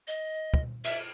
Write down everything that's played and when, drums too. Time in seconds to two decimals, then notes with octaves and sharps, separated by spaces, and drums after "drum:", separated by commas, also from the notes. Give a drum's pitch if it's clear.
0.07 D#5
0.54 drum: kick
0.84 E5, drum: cymbal